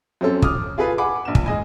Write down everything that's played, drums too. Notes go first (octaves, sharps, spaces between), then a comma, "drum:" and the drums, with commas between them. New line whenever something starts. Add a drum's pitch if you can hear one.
F#2 C4 C#4 A4
D6 D#6 F6, drum: kick
F4 G#4 A4 B4 F5
F#5 G#5 B5 D6
A#1 E7
drum: kick
G#3 D#5 G#5